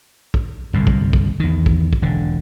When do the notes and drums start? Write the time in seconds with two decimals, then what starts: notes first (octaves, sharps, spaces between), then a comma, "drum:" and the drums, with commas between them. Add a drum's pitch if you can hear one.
0.34 drum: kick
0.73 G1 C2 F#2 A2
0.87 drum: kick
1.13 drum: kick
1.40 E2 D#3
1.66 drum: kick
1.93 drum: kick
2.02 E1 D3